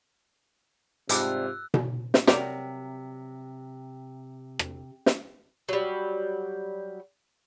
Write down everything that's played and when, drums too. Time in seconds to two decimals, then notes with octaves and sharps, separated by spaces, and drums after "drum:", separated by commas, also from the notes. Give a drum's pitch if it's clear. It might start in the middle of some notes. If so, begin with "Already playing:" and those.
1.09 G#2 C3 G3 D4 F4 G4 E6 F#6, drum: hi-hat
1.74 drum: tom B2
2.14 drum: snare
2.27 C3 F#3 G3 A#4, drum: snare
4.59 drum: rim click
5.06 drum: snare
5.69 F#3 G3